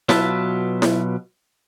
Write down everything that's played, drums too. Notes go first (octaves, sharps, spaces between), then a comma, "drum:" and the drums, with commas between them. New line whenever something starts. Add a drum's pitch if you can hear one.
B2 F#3 F4 B4 E5 A5, drum: snare E4
drum: snare E4